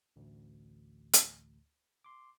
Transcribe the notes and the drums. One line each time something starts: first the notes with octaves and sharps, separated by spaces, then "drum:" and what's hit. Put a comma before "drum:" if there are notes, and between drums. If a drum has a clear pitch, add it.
A1 D2
drum: hi-hat
C6 D6